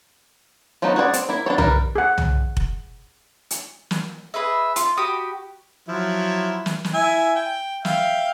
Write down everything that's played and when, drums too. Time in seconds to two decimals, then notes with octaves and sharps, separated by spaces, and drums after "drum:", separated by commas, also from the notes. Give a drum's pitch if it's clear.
0.82 F3 F#3 A3 B3 D#4
0.96 F#4 G#4 C5 D5
1.13 C4, drum: hi-hat
1.29 A#3 E4
1.46 D4 E4 A4 C#5
1.58 G3 A#4 B4, drum: tom C2
1.96 G#4 F#5
2.18 drum: tom C2
2.57 drum: kick F1
3.51 drum: hi-hat
3.91 drum: snare
4.34 G#4 B4 D#5 E5
4.76 F4, drum: hi-hat
4.97 F#4 G4 B5 D#6
5.88 F3 F#3 E4
6.66 drum: snare
6.84 drum: snare
6.94 E4 E5 G#5
7.35 G5
7.85 E5 F5 G5, drum: snare